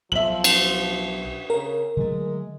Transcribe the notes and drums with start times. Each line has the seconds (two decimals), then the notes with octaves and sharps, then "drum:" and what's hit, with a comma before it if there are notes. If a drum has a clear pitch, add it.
0.12 B1 F3 E5 F#7
0.44 drum: cymbal
1.50 C#3 A#4
1.97 D3 F#3 G#3 A3